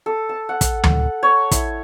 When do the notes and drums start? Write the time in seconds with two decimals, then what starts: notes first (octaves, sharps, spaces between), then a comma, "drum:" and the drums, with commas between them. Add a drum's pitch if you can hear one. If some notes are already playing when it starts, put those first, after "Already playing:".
0.06 A4
0.29 A5
0.49 F#5
0.61 drum: kick, hi-hat
0.84 drum: tom D2
1.23 C#5
1.51 E4, drum: kick, hi-hat